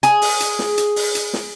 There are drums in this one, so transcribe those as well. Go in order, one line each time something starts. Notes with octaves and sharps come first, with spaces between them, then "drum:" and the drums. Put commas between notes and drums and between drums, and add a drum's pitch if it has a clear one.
G#4, drum: hi-hat
drum: open hi-hat
drum: hi-hat
drum: snare
drum: hi-hat
drum: open hi-hat
drum: hi-hat
drum: snare